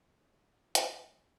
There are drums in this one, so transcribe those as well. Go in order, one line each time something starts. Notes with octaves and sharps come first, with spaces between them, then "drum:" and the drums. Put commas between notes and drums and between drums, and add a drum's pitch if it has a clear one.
E5
G5, drum: hi-hat